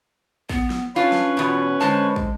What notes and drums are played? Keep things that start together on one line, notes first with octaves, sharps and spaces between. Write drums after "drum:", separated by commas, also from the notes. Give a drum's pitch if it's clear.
B3, drum: kick
drum: snare
C#4 D4 F4 B4 C#5
drum: snare
E2 B2 F4
D3 G#3 C5 A5
drum: kick